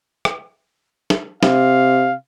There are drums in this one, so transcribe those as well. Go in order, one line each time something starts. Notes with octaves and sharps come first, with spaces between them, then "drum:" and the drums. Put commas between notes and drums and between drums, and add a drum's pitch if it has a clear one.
drum: rim click
drum: snare
C3 F5, drum: snare